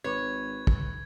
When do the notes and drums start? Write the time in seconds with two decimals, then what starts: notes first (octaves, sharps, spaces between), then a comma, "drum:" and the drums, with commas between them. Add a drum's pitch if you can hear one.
0.04 G#1 B4 C#5 G#6
0.67 drum: kick